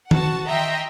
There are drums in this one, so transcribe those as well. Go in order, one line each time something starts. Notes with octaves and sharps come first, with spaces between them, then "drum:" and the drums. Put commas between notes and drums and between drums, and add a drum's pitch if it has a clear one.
F#4 F#5 A5, drum: tom D#3
D#5 E5 G5 A#5 C6